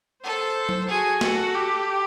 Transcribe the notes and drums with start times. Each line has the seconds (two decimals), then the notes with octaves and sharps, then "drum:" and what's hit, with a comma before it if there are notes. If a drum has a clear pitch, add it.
0.24 A4 C5
0.69 drum: tom F#3
0.88 F#4 G#4
1.21 F#4 A4, drum: snare
1.54 G4